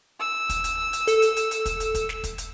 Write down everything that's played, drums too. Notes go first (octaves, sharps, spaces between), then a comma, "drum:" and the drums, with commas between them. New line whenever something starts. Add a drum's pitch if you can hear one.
E6
drum: kick, hi-hat
drum: hi-hat
drum: hi-hat
A4, drum: hi-hat
drum: hi-hat
drum: hi-hat
drum: hi-hat
drum: kick, hi-hat
drum: hi-hat
drum: kick, hi-hat
drum: snare
drum: kick, hi-hat
drum: hi-hat